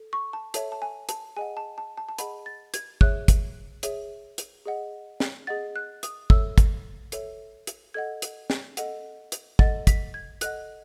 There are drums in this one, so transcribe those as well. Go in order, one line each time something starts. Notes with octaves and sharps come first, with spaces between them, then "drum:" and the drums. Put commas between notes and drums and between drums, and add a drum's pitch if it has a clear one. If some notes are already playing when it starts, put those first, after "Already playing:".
Already playing: A4
C#6
A5
A4 C#5 E5 A5, drum: hi-hat
A5
G#5
A5, drum: hi-hat
G#4 D#5 F#5 G#5
A5
A5
A5
A5
G#4 D#5 F#5 B5, drum: hi-hat
A6
G#6, drum: hi-hat
G#4 C#5 E5 F#6, drum: kick
drum: kick, hi-hat
G#4 C#5 E5, drum: hi-hat
drum: hi-hat
G#4 D#5 F#5
drum: snare
G#4 D#5 F#5 A6
F#6
D#6, drum: hi-hat
A4 C#5 E5 E6, drum: kick
drum: kick, hi-hat
A4 C#5 E5, drum: hi-hat
drum: hi-hat
A4 D#5 F#5 G#6
drum: hi-hat
drum: snare
A4 D#5 F#5, drum: hi-hat
drum: hi-hat
A4 D#5 F#5 A6, drum: kick
B6, drum: kick, hi-hat
G#6
A4 D#5 F#5 F#6, drum: hi-hat